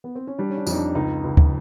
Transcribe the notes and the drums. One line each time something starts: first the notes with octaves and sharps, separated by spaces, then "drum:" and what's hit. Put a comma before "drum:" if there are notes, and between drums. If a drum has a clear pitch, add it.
B3
C4
C#4
G3 D4
C#4
D4
F2, drum: tambourine
D#4
D4
C#2 D#4
C#2
drum: kick D2